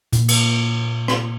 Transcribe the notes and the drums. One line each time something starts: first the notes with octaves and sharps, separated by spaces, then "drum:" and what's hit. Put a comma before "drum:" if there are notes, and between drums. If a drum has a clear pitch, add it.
A#2, drum: hi-hat
drum: cymbal
drum: rim click